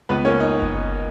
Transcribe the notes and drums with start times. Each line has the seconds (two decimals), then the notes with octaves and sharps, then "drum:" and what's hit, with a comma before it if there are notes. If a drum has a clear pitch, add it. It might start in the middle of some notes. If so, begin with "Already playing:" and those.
0.09 C#2 B3 B4
0.25 A#3 C#4 C#5
0.40 D#4
0.62 drum: kick F#1